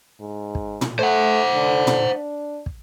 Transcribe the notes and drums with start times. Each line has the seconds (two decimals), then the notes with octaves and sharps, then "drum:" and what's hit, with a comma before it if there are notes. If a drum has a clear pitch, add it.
0.21 G#2
0.55 drum: kick
0.81 drum: tom
0.99 A3 C5 F#5
1.54 D3
1.87 drum: tom
2.13 D4
2.66 drum: kick